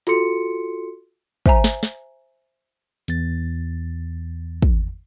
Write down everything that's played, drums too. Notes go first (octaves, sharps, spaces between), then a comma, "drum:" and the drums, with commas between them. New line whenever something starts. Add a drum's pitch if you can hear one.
F4 F#4 A4 C6 C#7, drum: hi-hat
C5 E5 G#5 A#5, drum: kick
drum: snare
drum: snare
E2 A6, drum: hi-hat
drum: kick